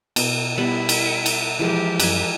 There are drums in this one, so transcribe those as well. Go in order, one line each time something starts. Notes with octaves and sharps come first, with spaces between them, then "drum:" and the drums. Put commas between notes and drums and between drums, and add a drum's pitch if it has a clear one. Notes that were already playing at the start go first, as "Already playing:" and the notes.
B2, drum: cymbal
G3 B3 E4
drum: cymbal
drum: cymbal
E3 F3 G#3 G4
F#2 B4 G#5, drum: cymbal